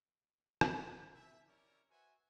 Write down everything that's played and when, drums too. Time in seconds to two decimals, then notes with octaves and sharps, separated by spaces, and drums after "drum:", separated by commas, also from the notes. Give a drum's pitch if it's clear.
0.61 drum: rim click
0.72 C4 A5 B5
1.13 E5
1.47 C#4 E4 G4 A#4 C#5 D5
1.90 F#4 B4 C5 E5 F#5 G#5